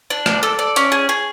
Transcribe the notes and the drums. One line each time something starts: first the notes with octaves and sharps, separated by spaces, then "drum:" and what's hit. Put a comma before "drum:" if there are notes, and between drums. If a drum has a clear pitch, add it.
D4
D5, drum: rim click
A4
D5
C#4, drum: hi-hat
G#4
G#4